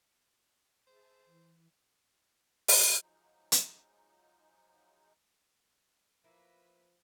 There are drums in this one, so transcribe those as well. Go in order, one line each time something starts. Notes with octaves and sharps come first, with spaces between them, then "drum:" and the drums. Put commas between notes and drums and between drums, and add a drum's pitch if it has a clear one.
G#4 C5 E5 A5
E3
drum: open hi-hat
F3 F#3 G#3 D#4
drum: hi-hat
A2 F3 A#3 E4 B4 E5